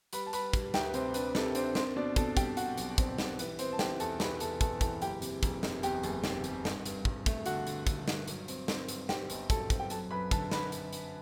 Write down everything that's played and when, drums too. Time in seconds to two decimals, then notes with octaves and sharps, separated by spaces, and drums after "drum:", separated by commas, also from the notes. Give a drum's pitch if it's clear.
0.13 G3 B4 B5, drum: hi-hat
0.26 A5
0.33 G3 B4 B5, drum: hi-hat
0.53 G3, drum: kick, hi-hat
0.74 D2 G4 G5, drum: snare
0.89 B4
0.94 C3 C4 C5, drum: hi-hat
1.14 D4 B4, drum: hi-hat
1.35 C3 A4, drum: snare
1.55 C4 D4 C5, drum: hi-hat
1.75 C4 C5, drum: snare
1.96 B2 D4 D5
2.16 B2 A4 A5, drum: kick, hi-hat
2.37 G3 G4 G5, drum: kick, hi-hat
2.57 G3 F#4 F#5, drum: hi-hat
2.78 B1, drum: hi-hat
2.98 C4, drum: kick, hi-hat
3.18 G3, drum: snare
3.39 E3 B4, drum: hi-hat
3.59 B3 C4 C5, drum: hi-hat
3.73 A5
3.79 E3 G4 G5, drum: snare
4.00 E2 A4 A5, drum: hi-hat
4.20 C3 B4 B5, drum: snare
4.40 E2 A4 A5, drum: hi-hat
4.61 E2 A4 A5, drum: kick, hi-hat
4.81 E3 A4 A5, drum: kick, hi-hat
5.02 F#1 G4 G5, drum: hi-hat
5.22 C3, drum: hi-hat
5.43 F#1, drum: kick, hi-hat
5.63 C3, drum: snare
5.83 E2 G4 G5, drum: hi-hat
6.03 F#1, drum: hi-hat
6.24 C3, drum: snare
6.44 C3, drum: hi-hat
6.65 G2, drum: snare
6.85 G2, drum: hi-hat
7.05 G2, drum: kick
7.26 A3, drum: kick, hi-hat
7.46 D3 F#4 F#5, drum: hi-hat
7.67 D3, drum: hi-hat
7.87 D3, drum: kick, hi-hat
8.08 G2, drum: snare
8.28 F#3, drum: hi-hat
8.48 C4, drum: hi-hat
8.68 C4, drum: snare
8.88 G2, drum: hi-hat
9.09 C4 G4 G5, drum: snare
9.30 G1, drum: hi-hat
9.50 F#3 A4 A5, drum: kick, hi-hat
9.70 C4, drum: kick, hi-hat
9.79 G5
9.90 F#2 A4 A5, drum: hi-hat
10.11 F#2 B4 B5
10.31 D3 A4 A5, drum: kick, hi-hat
10.51 B4 B5, drum: snare
10.72 drum: hi-hat
10.93 drum: hi-hat